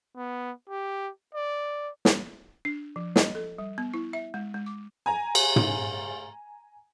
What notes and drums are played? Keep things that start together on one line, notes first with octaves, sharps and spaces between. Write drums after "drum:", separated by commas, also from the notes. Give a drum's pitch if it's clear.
B3
G4
D5
drum: snare
D4
F3
D#5, drum: snare
A4
G3
B3
E4
E5
G#3
G#3
D6
G#5 A#5
drum: cymbal
drum: tom